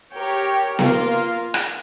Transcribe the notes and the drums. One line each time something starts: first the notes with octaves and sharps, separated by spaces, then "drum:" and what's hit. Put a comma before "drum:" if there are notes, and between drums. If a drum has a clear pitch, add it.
G4 A#4 C#5 G5
A#3 F4 A#4 F5, drum: snare B3
drum: rim click